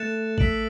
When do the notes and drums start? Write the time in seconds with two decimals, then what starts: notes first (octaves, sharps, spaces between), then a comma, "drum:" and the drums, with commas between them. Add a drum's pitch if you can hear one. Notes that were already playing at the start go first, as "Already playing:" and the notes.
Already playing: A3 F#6 A6 C#7 E7
0.38 E6 B6 D7 F#7, drum: kick A1